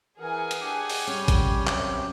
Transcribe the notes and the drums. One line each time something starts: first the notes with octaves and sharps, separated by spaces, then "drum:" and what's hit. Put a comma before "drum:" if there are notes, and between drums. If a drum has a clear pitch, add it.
E3 G#4 A#4 F#5 G#5
drum: hi-hat
D4 G4
drum: open hi-hat
G3 C#4 C#5
drum: kick G#1, hi-hat
F#2 C3 F#3, drum: clap